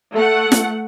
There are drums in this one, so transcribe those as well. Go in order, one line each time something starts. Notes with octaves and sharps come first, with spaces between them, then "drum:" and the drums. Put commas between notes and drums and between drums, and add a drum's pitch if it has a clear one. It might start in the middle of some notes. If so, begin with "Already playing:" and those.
A3 F#5
drum: snare